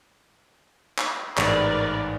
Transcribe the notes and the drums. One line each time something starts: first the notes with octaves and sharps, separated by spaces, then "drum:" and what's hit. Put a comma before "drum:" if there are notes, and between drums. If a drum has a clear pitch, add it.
drum: clap
A1 G#2 A#4 B4 D5, drum: clap